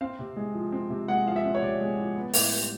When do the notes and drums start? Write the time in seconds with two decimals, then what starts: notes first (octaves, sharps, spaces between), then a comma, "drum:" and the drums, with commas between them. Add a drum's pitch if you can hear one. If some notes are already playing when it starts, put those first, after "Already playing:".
0.01 C4 F5
0.19 C3
0.36 G#3
0.55 F3
0.72 C4
0.90 C3
1.08 G#3 F#5
1.26 F3 F5
1.36 E5
1.44 C4
1.55 C#5
1.62 C3 D5
1.81 G#3
1.98 F3
2.17 B3
2.34 A2, drum: open hi-hat
2.52 G3